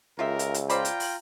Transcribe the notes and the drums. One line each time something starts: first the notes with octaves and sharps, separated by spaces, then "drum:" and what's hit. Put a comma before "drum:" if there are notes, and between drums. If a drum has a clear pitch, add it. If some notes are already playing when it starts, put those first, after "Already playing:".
C#2 F4 G4 A#4 E5
drum: hi-hat
drum: hi-hat
F4 C5 D5 G5 A#5 B5, drum: hi-hat
drum: hi-hat
drum: open hi-hat